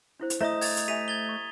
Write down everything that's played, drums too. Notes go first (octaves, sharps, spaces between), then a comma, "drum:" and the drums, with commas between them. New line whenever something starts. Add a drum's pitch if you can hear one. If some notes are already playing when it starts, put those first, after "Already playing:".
D4 E4 C5
drum: hi-hat
A3 E4 C5 D#5 E5 A#5 D#6
G#6 A6, drum: open hi-hat
drum: hi-hat
G4 E5 G#5 B6 D#7 F7
G#6 A6 G7
C#6